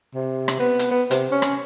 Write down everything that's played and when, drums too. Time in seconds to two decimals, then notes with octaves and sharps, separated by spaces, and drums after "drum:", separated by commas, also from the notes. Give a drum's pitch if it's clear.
0.15 C3
0.48 drum: rim click
0.59 B3
0.79 drum: hi-hat
0.91 B3
1.11 C3, drum: hi-hat
1.32 C#4
1.42 drum: rim click